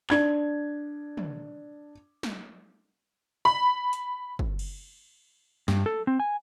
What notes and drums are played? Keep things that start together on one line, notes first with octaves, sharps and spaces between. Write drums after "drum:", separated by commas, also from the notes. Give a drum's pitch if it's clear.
D4 G#6, drum: clap
drum: tom
drum: snare
B5
drum: hi-hat
drum: kick
drum: cymbal
G2, drum: snare
A4
C4
G#5